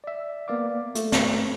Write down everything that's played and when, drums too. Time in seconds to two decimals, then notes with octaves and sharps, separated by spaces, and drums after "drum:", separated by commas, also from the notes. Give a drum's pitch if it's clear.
0.04 D5 E5
0.48 A#3 B3 D5 F5 D6
0.95 A3, drum: hi-hat
1.12 drum: snare